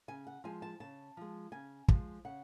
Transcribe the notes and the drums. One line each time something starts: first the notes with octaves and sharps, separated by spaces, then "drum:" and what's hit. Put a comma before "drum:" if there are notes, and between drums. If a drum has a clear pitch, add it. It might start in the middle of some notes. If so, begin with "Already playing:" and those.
C#3 G#5
F#5
F3 G#3 G#5
A5
C#3 A5
F3 G#3
C#3 G#5
F3 G#3, drum: kick
C#3 F#5